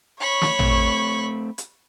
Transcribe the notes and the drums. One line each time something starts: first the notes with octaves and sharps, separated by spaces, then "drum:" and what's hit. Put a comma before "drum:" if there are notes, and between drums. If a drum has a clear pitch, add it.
C#5 B5 C#6
drum: snare
A3 C4, drum: tom
drum: hi-hat